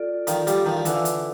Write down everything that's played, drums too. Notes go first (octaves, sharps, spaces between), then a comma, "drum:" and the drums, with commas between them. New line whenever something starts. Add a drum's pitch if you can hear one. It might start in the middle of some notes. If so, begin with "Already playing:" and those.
Already playing: F4 A4 D5
D#3 F3, drum: hi-hat
F3 G3, drum: hi-hat
D#3 F3
F3
D3 E3, drum: hi-hat
drum: hi-hat